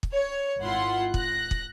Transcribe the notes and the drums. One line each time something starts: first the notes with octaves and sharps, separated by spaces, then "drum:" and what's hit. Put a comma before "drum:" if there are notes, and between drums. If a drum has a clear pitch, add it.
drum: kick
C#5
G#1 E4 F4 F#5 C6
F#6 A#6, drum: kick
drum: kick